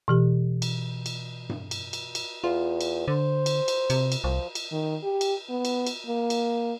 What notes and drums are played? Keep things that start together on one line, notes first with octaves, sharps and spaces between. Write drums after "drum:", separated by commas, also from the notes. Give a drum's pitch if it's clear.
B2 E3 G4
drum: cymbal
drum: cymbal
drum: tom G2
drum: cymbal
drum: cymbal
drum: cymbal
E2 F4
drum: cymbal
D3 C5
drum: cymbal
drum: cymbal
C3, drum: cymbal
drum: cymbal
C2 F3
drum: cymbal
D#3
G4
drum: cymbal
B3
drum: cymbal
drum: cymbal
A#3
drum: cymbal